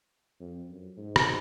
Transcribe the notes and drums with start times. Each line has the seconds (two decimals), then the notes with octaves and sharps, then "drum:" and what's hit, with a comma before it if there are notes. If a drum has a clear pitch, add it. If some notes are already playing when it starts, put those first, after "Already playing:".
0.40 F2
0.69 F#2
0.97 G#2
1.16 drum: rim click